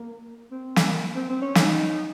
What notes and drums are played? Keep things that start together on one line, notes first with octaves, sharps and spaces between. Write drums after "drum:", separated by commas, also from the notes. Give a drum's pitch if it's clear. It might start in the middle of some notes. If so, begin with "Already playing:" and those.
Already playing: A#3
C4
A#3, drum: snare
C4
C4
C#4
D#4, drum: snare